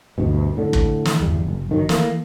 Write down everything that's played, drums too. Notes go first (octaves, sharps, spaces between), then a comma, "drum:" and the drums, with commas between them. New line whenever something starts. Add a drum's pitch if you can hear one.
D2 G2 B2
A2 D3
drum: kick
drum: snare
G1 E2 G3
F#1
G1 D#3 F#3
E3 A3 A#3, drum: snare